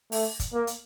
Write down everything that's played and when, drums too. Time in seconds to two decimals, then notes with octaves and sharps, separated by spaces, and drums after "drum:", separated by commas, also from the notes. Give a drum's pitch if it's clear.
0.12 A3, drum: open hi-hat
0.40 drum: kick, hi-hat
0.54 A#3
0.67 drum: hi-hat